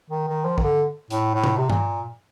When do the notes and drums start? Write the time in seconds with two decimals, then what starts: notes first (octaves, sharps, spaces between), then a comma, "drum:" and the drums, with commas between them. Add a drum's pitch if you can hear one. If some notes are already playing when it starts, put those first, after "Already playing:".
0.10 D#3
0.28 D#3
0.45 F3
0.58 D#3, drum: kick
0.62 D3
1.10 A2, drum: hi-hat
1.34 A2
1.44 drum: tom
1.58 C3
1.70 A#2, drum: tom G2